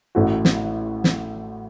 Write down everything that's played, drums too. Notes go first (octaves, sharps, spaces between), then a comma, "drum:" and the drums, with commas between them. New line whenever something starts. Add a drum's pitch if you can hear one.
A1 A2 A3 F#4
drum: snare
drum: snare